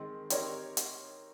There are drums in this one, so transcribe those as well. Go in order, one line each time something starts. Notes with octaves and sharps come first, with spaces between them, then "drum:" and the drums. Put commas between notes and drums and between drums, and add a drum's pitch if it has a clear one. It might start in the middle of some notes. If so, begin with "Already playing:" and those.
Already playing: D#3 G#3 C4
C4 D#4 G4 A#4 C#5, drum: hi-hat
drum: hi-hat